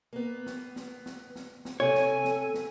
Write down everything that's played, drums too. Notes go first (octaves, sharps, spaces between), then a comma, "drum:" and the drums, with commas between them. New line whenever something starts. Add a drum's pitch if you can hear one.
A#3 B3
drum: snare
drum: snare
drum: snare
drum: snare
drum: snare
C3 A4 C#5 G#5
drum: snare
drum: snare
drum: snare